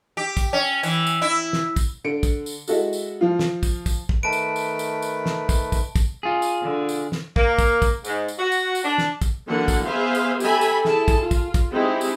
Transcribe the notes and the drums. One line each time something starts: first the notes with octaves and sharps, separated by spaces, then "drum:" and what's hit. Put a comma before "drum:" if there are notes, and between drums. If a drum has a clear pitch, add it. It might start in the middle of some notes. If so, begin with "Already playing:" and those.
G4
drum: kick, tambourine
C#4
E3, drum: tambourine
drum: tambourine
E4
drum: snare
drum: kick, tambourine
D3 C#7 D7
drum: kick, tambourine
drum: tambourine
G#3 E4 F#4 A4, drum: tambourine
drum: tambourine
F3 F4
drum: snare
drum: kick, tambourine
drum: kick, tambourine
drum: kick
D#3 A3 B4 A5 D7
drum: tambourine
drum: tambourine
drum: tambourine
drum: tambourine
drum: snare
drum: kick, tambourine
drum: kick, tambourine
drum: kick, tambourine
F4 G#4
drum: tambourine
D3
drum: tambourine
drum: snare
A#3, drum: kick
drum: kick, tambourine
drum: kick, tambourine
G#2, drum: tambourine
drum: tambourine
F#4
drum: tambourine
drum: tambourine
D4
drum: snare
drum: kick, tambourine
D3 E3 F#3 A#3 F#5
drum: kick, tambourine
B3 G#4 B4 C5 E5 F5
drum: tambourine
G4 A4 E5 G#5 B5, drum: tambourine
drum: tambourine
E4 G#4 A4 A5, drum: snare
drum: kick, tambourine
F4
drum: kick, tambourine
drum: kick, tambourine
G#3 C4 D#4 E4 G4
drum: tambourine